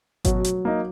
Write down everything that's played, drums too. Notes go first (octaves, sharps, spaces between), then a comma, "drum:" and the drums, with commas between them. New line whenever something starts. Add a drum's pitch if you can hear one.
B2 F#3, drum: kick G#1, hi-hat
drum: hi-hat
A#3 D#4